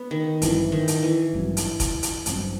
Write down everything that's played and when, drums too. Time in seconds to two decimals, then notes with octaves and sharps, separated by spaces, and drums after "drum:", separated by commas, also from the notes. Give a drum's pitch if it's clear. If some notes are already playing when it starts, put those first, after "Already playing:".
Already playing: B3
0.11 D#3
0.42 A1 G2 E3 F#3 C4, drum: hi-hat
0.72 D#3
0.88 drum: hi-hat
1.03 E3
1.33 A1 G2 F#3 C4
1.57 drum: hi-hat
1.80 drum: kick F1, hi-hat
2.03 drum: hi-hat
2.26 A1 G2 F#3 C4, drum: hi-hat